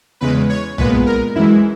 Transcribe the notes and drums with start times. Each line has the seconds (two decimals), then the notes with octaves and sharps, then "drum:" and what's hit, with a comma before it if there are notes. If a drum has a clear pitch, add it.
0.21 E2 C#3 G#3 B4
0.49 C#5
0.78 A#2 G#3 B3 B4, drum: tom B1
1.06 A#4
1.35 F#2 E3 G#3 E4